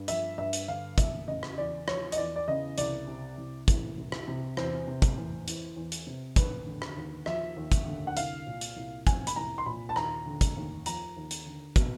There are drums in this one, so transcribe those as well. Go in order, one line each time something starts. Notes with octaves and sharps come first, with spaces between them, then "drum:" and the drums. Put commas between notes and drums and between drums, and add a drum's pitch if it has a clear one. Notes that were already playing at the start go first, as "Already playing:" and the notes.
Already playing: G2
F3 E5, drum: hi-hat
G2 E5
drum: hi-hat
D3 F5
E2 E5, drum: kick, hi-hat
C#3 D#5
drum: rim click
E2 D5
F3 C#5, drum: rim click
D#5, drum: hi-hat
E2 D5
D5
C#3 D#5
C2 D5, drum: hi-hat
C3
C2
E3, drum: kick, hi-hat
C2
drum: rim click
C3
E2 C5, drum: rim click
C3
drum: kick, hi-hat
E2
E3, drum: hi-hat
E2
drum: hi-hat
C3
D#2 B4, drum: kick, hi-hat
D3
drum: rim click
D#2
F3 E5, drum: rim click
D#2
drum: kick, hi-hat
D3
F#5
C2 F5, drum: hi-hat
A#2
drum: hi-hat
C2
F3 G#5, drum: kick, hi-hat
B5, drum: hi-hat
C2 A#5
C6
A#2 B5
A5
D#2 A#5, drum: rim click
D3
drum: kick, hi-hat
D#2
F3 A#5, drum: hi-hat
D#2
drum: hi-hat
D3
B2, drum: kick, hi-hat